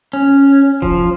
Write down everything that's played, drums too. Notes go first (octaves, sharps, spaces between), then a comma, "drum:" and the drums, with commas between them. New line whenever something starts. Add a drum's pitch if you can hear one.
C#4
F3, drum: kick D#1